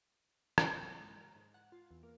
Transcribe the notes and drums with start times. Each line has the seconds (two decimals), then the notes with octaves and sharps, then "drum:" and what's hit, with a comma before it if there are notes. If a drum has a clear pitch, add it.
0.58 drum: rim click
1.00 G#2
1.20 A#4
1.36 G#2
1.54 F#5
1.72 F4
1.91 E2
2.03 A#3